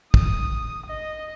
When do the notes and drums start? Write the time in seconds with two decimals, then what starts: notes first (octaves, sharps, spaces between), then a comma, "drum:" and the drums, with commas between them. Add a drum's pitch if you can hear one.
0.14 D#6, drum: kick
0.86 D#5